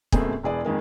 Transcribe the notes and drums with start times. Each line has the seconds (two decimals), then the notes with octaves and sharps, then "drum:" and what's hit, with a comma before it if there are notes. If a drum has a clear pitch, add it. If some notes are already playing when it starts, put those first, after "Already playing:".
0.12 F#2 B2 A3 A#3 C4 G#4, drum: kick
0.43 E1 E3 G#4 D5
0.65 F2 D#3 G#3 A#3